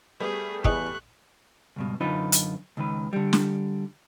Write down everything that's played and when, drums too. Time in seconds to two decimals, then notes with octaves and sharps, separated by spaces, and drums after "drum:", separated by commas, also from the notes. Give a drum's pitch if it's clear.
0.20 G3 A3 B3 G#4
0.65 E2 C4 D#4 G#4 C#6 F#6, drum: kick
1.76 C#2 G2 B2
2.01 F#2 D3 D#4 F4 B4
2.32 drum: hi-hat
2.77 C#2 D#3 B4
3.13 D3 G3
3.33 drum: snare